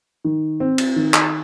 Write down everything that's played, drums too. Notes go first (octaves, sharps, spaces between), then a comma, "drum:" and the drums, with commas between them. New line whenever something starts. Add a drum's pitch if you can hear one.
D#3
C4
drum: cymbal
D#3
drum: clap